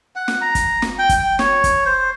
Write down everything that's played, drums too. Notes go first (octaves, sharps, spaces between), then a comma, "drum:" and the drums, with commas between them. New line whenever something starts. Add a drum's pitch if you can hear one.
F#5
drum: snare
A#5
drum: kick F#1, hi-hat
drum: snare
G5
drum: kick F#1, hi-hat
G5
C#5, drum: snare
drum: kick F#1, hi-hat
C5